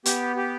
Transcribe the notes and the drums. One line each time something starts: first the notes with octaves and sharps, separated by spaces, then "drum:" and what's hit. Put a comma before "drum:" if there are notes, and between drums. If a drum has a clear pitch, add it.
B3 G4, drum: hi-hat
G4